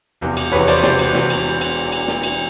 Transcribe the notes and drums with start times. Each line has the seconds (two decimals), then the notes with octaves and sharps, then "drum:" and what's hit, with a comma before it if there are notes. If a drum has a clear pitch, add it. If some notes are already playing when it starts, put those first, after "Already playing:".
0.21 E1 E2 C3 E3
0.37 drum: cymbal
0.52 E1 E2 C3 E3 B4 C#5
0.68 C5 D5, drum: cymbal
0.83 E1 E2 C3 E3 C5 D5, drum: snare
0.99 drum: cymbal
1.15 C3 E3, drum: snare
1.30 drum: cymbal
1.61 drum: cymbal
1.92 drum: cymbal
2.08 drum: snare
2.23 drum: cymbal